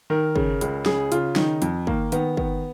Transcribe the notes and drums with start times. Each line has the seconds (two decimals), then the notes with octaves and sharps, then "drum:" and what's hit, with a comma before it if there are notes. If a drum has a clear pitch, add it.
0.10 D#3 A#4
0.36 C#3, drum: kick
0.61 C#2, drum: hi-hat
0.86 C#3 G#4, drum: snare
1.12 C#3 F4, drum: hi-hat
1.36 D#3 D#4, drum: snare
1.62 F2, drum: hi-hat
1.87 D#3 A#3, drum: kick
2.12 D#3 B3, drum: hi-hat
2.37 D#3 B3, drum: kick